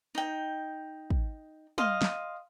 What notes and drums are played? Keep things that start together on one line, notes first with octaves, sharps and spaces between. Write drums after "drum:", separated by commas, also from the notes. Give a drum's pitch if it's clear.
D#4 G5
drum: kick
D#5 F5 C6, drum: tom
drum: snare